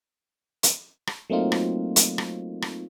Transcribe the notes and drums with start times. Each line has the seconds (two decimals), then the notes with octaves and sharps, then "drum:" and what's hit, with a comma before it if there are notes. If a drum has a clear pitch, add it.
0.63 drum: hi-hat
1.07 drum: rim click
1.30 F#3 A3 A#3 C4 D#4 F4
1.52 drum: rim click
1.96 drum: hi-hat
2.18 drum: rim click
2.62 drum: rim click